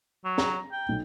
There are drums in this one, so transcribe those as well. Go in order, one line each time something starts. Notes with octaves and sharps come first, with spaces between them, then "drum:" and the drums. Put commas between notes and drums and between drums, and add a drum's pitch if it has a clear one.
F#3
A#5, drum: snare
G5
B1